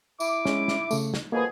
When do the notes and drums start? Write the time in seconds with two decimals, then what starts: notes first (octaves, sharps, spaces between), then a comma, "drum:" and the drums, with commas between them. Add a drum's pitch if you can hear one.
0.20 E4 D6, drum: tambourine
0.45 G#3 C#4, drum: snare
0.68 drum: snare
0.91 C#3 A3, drum: tambourine
1.14 drum: snare
1.32 F2 B2 A#3 G#4 B4